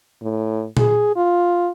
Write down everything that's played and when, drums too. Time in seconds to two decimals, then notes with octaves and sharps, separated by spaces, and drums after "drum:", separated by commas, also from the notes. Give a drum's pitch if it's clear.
0.23 A2
0.77 G#4, drum: tom A#2
1.16 F4